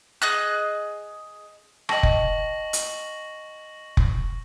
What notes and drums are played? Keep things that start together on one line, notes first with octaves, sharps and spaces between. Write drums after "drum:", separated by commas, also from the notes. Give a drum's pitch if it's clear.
G#4 D#5 F#6
D#5 G5 A5 C#6 A#6 F#7, drum: rim click
drum: kick F1
drum: hi-hat
drum: kick F1